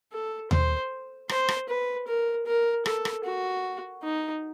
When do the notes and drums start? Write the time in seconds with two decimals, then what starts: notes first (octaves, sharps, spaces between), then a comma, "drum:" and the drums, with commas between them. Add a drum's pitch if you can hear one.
0.12 A4
0.51 C5, drum: tom D#2
1.29 C5, drum: rim click
1.49 drum: rim click
1.69 B4
2.07 A#4
2.46 A#4
2.86 A4, drum: rim click
3.05 drum: rim click
3.24 F#4
4.03 D#4